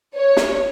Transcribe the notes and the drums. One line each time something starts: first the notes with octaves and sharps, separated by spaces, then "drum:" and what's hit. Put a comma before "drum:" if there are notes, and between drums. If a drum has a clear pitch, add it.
C#5
drum: snare